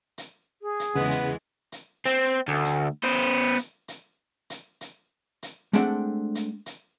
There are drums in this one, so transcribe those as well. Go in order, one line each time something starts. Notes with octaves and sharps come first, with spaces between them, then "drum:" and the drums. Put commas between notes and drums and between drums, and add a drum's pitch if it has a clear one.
drum: hi-hat
G#4
drum: hi-hat
E2 C#3 E3 G#3 B3
drum: hi-hat
drum: hi-hat
C4, drum: hi-hat
D2
drum: hi-hat
B3 C5
drum: hi-hat
drum: hi-hat
drum: hi-hat
drum: hi-hat
drum: hi-hat
G#3 A3 C4 D4 F#5 G5, drum: hi-hat
drum: hi-hat
drum: hi-hat